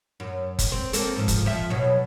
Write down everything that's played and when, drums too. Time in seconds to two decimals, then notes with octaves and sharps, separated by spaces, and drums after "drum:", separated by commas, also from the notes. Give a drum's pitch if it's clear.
0.20 F#2
0.59 drum: kick F1, hi-hat
0.72 C4
0.93 A#3 C4 A4, drum: hi-hat
1.16 G#2 F3
1.28 drum: kick F1, hi-hat
1.45 F2 F3 E5
1.70 B2 F#3